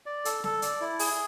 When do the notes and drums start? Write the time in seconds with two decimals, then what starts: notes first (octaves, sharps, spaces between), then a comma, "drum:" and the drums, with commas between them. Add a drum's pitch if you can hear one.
0.06 D5
0.25 A4, drum: hi-hat
0.44 A4, drum: snare
0.62 D5, drum: hi-hat
0.81 E4
0.99 G#4, drum: open hi-hat